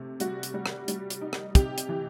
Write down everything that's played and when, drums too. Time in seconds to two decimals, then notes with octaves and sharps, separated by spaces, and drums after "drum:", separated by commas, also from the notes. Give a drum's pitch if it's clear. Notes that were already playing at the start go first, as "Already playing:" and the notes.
Already playing: C3 A3
0.20 G3 F#4, drum: hi-hat
0.43 drum: hi-hat
0.54 G3
0.66 drum: rim click
0.88 G3, drum: hi-hat
1.10 drum: hi-hat
1.21 D#4
1.33 drum: rim click
1.55 C3 G4, drum: kick, hi-hat
1.78 drum: hi-hat
1.89 E3